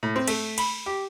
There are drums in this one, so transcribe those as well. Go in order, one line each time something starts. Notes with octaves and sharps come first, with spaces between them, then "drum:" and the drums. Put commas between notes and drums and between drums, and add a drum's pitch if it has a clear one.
A2
C4
A3, drum: cymbal
B5, drum: cymbal
G4